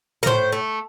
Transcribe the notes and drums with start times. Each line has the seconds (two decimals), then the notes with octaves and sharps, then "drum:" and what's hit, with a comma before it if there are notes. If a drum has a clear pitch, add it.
0.23 A#4
0.26 A2 C5, drum: tom
0.52 A3